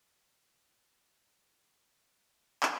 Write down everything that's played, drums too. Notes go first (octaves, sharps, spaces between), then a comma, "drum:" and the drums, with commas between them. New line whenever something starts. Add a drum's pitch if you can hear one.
G#3
A3 G4 D#5
D3 C#5
drum: clap